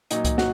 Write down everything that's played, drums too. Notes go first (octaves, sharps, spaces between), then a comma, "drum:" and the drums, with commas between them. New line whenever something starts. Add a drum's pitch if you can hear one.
A#2 F#3 D#4, drum: hi-hat
drum: kick C2, hi-hat
F#4, drum: snare